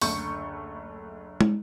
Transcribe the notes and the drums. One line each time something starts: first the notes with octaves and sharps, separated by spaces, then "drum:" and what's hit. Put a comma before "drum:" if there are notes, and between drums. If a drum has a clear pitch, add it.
F#1 D2 A3 C#6 G6, drum: open hi-hat
drum: tom